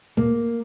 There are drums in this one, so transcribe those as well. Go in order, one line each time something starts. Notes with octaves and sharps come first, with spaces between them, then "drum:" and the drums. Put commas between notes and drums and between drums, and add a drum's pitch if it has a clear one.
A#3, drum: tom A#2